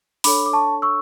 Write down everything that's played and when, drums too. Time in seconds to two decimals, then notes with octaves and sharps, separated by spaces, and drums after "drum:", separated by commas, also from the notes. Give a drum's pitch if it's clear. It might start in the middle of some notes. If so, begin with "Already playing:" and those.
0.24 D4 A4 C#5 B5 D6, drum: open hi-hat
0.46 D6
0.53 A5 C#6
0.82 C#6 E6